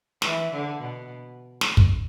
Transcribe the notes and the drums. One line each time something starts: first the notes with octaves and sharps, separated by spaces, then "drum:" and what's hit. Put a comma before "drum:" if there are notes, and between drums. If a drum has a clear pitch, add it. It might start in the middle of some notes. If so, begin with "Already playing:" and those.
E3, drum: snare
D3
B2
drum: snare
drum: kick